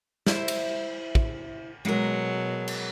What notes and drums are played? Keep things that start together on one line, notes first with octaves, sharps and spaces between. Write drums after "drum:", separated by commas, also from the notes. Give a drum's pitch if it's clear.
E4 C5 E5, drum: snare
drum: cymbal
drum: kick
B2 F#3 G#3 A#4
drum: cymbal